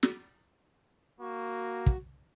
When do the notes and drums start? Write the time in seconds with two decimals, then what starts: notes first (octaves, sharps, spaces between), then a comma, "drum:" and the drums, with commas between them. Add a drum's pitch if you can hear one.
0.03 drum: snare
1.20 A#3 F#4
1.86 drum: kick